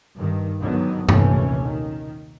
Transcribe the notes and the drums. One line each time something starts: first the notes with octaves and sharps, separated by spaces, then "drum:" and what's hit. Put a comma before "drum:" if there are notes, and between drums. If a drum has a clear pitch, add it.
G2 D#3
G#2 D3 D#3 F#3 B3
A#1 D#2 C3 E3 A3 C#4, drum: tom G2
D#3